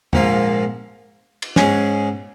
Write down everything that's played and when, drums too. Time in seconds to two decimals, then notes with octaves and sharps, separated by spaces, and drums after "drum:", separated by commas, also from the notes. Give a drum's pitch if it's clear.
0.13 A#1 G#2 F3 A#3 F4, drum: tom E2
1.42 drum: cymbal
1.56 G#2 G#3 C#4 G#4, drum: snare